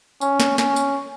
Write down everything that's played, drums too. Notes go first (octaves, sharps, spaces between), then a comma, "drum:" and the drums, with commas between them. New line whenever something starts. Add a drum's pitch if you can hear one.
C#4, drum: tambourine
drum: snare
C#4, drum: snare
drum: tambourine